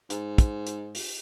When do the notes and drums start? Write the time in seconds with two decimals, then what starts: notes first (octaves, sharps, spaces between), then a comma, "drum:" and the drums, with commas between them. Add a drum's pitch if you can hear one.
0.10 G#2, drum: hi-hat
0.38 drum: kick, hi-hat
0.67 drum: hi-hat
0.95 drum: open hi-hat